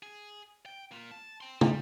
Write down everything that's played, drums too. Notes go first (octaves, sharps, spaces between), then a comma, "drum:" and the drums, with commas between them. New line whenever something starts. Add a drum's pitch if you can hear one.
G#4
G5
A#3 F4
A5
G5 C6
G3, drum: tom